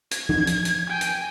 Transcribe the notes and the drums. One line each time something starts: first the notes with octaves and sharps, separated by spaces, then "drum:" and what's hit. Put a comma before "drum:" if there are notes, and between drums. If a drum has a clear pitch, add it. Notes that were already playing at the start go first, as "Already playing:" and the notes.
G#6, drum: hi-hat
drum: tom F3
drum: hi-hat
drum: hi-hat
G5 G#5
drum: hi-hat